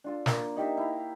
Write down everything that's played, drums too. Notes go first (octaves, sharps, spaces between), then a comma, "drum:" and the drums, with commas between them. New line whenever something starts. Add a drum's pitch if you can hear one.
D4 F4 A4
A#3 D5, drum: snare
D#4 G4 A#4 E5
E4 F5